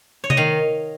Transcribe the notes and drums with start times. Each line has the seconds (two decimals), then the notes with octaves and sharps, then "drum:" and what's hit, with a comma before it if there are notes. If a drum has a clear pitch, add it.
0.24 C#5
0.30 D#5, drum: tom C3
0.37 D#3 F5